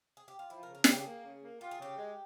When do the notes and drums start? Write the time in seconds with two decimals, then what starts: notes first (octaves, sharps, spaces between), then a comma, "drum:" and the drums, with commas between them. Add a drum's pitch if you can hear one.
0.17 G#4
0.28 G4
0.39 F4
0.50 F3 E4
0.63 A#4
0.68 C#3
0.75 A#4
0.84 C#3 G#4, drum: snare
0.94 G4
1.04 A#3 G#4
1.25 C#3
1.42 A#3
1.61 F4 G4
1.71 G#4
1.79 C#3 G4
1.97 G#3